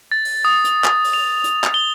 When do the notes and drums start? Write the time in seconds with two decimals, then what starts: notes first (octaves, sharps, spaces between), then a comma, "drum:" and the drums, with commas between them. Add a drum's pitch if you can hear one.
0.12 A6
0.25 drum: open hi-hat
0.45 D#6
0.64 drum: hi-hat
0.84 drum: clap
1.04 drum: open hi-hat
1.14 F7
1.44 drum: hi-hat
1.64 drum: clap
1.74 G7